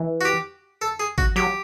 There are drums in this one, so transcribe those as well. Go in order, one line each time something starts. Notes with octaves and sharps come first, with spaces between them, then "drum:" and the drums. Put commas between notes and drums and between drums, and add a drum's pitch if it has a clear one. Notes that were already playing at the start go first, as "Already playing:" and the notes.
Already playing: E3
F#4
G4
A4
G#4
F#4, drum: kick G#1
F#3 G4